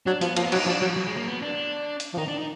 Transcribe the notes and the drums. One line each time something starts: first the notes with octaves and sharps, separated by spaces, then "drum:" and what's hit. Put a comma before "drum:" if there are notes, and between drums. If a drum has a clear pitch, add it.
F#3 D4
F3 B3, drum: hi-hat
F3 A#3, drum: cymbal
B3
F#3, drum: cymbal
D#4
F3 D4
F3 F#3
F#3
G#3
A#3
B3
D4
drum: hi-hat
F3
D#3 D#4
D4
D#4